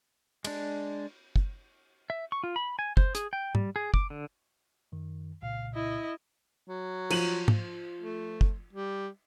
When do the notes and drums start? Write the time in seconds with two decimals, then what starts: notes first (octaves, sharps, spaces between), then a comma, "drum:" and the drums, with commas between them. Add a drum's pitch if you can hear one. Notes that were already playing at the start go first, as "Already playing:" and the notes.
0.45 G#3 D4, drum: cymbal
1.36 drum: kick
2.10 E5
2.32 C#6
2.44 F4
2.56 B5
2.79 G#5
2.97 C5, drum: kick
3.15 G#4, drum: hi-hat
3.33 G5
3.55 G3, drum: tom
3.76 G#4
3.94 D6, drum: kick
4.10 D3
4.92 F#2 D#3
5.42 C2 A#2 C#3 F5
5.74 E4 D#5
6.68 F#3
7.10 F3 D#7 F#7, drum: cymbal
7.48 drum: tom
8.01 A3
8.41 drum: kick
8.73 G3